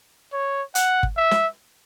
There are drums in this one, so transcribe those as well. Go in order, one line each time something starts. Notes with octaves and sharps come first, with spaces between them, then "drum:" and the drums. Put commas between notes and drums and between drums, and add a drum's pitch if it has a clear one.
C#5
F#5, drum: hi-hat
drum: kick
E5
drum: snare